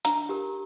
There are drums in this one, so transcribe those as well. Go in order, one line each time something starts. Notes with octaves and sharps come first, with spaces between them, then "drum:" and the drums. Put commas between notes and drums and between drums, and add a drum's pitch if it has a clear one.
D4 A#5, drum: hi-hat
G4 A#4